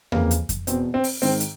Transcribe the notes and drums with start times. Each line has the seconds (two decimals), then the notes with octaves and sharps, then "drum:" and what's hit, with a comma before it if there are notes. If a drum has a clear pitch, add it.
0.12 F2 C#3 E3 A#3, drum: tom E2
0.31 drum: hi-hat
0.49 drum: kick F2, hi-hat
0.67 E2 B2 C4, drum: hi-hat
0.94 C4
1.04 drum: open hi-hat
1.22 G#2 D#3 C4, drum: open hi-hat
1.40 drum: hi-hat